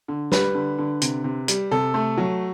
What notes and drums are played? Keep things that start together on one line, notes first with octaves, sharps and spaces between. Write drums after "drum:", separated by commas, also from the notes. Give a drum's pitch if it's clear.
D3
G3 B4, drum: snare
D3
D3
C3, drum: hi-hat
C3
G3, drum: hi-hat
C3 A4
A3
F#3